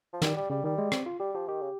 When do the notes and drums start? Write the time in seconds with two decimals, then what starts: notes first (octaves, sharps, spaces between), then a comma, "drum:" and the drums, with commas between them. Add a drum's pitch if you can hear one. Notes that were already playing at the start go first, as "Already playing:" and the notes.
0.13 F3
0.22 D#3 G3, drum: snare
0.36 G3
0.50 C#3 G3
0.64 D#3 G3
0.78 G#3
0.92 C4, drum: rim click
1.06 F4
1.20 G3 G4
1.35 F3 G4
1.48 D#3 G4
1.61 C#3